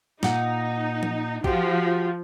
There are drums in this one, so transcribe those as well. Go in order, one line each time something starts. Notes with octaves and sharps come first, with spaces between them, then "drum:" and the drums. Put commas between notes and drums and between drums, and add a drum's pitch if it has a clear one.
A#2 D#4 F#5, drum: snare
drum: tom F3
F3 F#4 G4, drum: kick